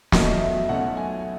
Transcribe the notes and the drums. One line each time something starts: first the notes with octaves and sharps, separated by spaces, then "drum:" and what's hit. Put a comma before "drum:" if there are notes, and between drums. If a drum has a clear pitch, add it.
E2 B2 F#3 A3 C#4 D#5, drum: snare
E5
B1 B2 A3 C#4 F#5
G#5